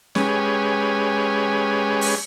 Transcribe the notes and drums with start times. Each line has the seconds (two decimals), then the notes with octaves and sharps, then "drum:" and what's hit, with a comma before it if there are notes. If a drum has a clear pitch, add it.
0.15 G#3 C#4 G4 B4 C#5 G#5, drum: snare C#4
2.01 drum: open hi-hat